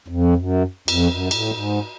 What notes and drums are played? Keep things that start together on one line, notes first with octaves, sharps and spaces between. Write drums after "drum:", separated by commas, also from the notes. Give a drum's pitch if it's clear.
F2
F#2
F2, drum: cymbal
F#2
A2, drum: cymbal
G#2